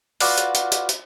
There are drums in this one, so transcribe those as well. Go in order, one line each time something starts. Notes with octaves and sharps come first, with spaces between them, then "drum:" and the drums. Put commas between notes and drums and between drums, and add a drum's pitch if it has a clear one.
F4 F#4 B4 D5, drum: open hi-hat
drum: hi-hat
drum: hi-hat
drum: hi-hat
drum: hi-hat